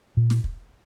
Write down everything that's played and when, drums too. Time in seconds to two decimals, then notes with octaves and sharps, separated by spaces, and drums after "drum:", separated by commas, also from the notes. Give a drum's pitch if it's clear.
0.17 A#2
0.30 drum: snare
0.44 drum: kick